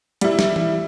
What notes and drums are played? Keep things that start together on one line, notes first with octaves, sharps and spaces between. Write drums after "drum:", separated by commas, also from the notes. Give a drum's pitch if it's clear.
G3 E4, drum: hi-hat
drum: snare
drum: tom E3